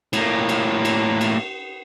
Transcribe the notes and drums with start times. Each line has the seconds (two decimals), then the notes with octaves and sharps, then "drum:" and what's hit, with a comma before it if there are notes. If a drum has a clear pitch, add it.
0.13 A2 A#3, drum: cymbal
0.49 drum: cymbal
0.85 drum: cymbal
1.21 drum: cymbal